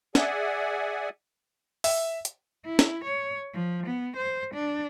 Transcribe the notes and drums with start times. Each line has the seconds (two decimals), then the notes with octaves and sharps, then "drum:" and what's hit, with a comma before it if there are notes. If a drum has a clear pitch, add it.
0.15 G#4 D5 E5 F#5 G#5, drum: snare
1.84 E5, drum: open hi-hat
2.25 drum: hi-hat
2.65 E4
2.79 drum: snare
3.04 C#5
3.54 F3
3.86 B3
4.17 C5
4.54 D4